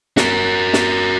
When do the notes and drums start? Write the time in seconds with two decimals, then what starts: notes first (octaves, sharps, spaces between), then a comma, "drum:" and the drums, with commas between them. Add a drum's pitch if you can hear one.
0.17 F#4 A#4, drum: snare
0.73 drum: snare